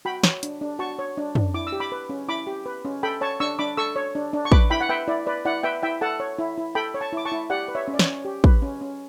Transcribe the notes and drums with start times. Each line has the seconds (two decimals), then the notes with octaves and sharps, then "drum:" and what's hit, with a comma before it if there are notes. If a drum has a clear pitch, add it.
0.05 F#4 G5 B5
0.24 C#5, drum: snare
0.43 D4, drum: hi-hat
0.61 D4
0.79 F#4 A5 C#6
0.99 C#5
1.17 D4
1.35 D4, drum: tom
1.54 E4 D6
1.67 E6
1.72 G4
1.80 B5 D6
1.92 B4
2.09 C#4
2.28 E4 B5 D6
2.47 G4
2.66 B4
2.85 C#4
3.03 A4 G5 B5
3.21 C#5 A5 C#6
3.40 D4 C#6 E6
3.59 D4 B5 D6
3.77 A4 C#6 E6
3.96 C#5
4.15 D4
4.33 D4
4.45 C#6
4.52 B4 B5 D6, drum: kick
4.70 E4 G5 B5
4.81 F#5
4.89 B4 E5 G5
5.08 E4 D5
5.27 B4 D5
5.45 E4 D5 F#5
5.63 B4 E5 G5
5.83 E4 E5 G5
6.01 A4 F#5 A5
6.20 C#5
6.39 E4
6.58 E4
6.75 A4 G5 B5
6.94 C#5
7.00 A5 C#6
7.13 E4 D6
7.25 A5 C#6
7.32 E4
7.50 G4 D5 F#5
7.68 B4
7.75 C#5 E5
7.88 C#4
7.94 D5
7.99 C#5, drum: snare
8.06 C#4
8.25 G4
8.44 B4, drum: kick
8.62 C#4
8.81 C#4